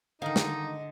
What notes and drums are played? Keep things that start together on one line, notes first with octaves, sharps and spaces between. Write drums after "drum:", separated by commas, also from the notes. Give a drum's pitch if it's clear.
D3 D#3 D#4 D#5 F5
drum: snare